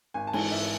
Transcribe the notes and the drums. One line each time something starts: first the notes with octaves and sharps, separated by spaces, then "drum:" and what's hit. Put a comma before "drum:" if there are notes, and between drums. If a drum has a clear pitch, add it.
G#1 G#5
A5
G#2 E3 G#5, drum: cymbal
G#1 E5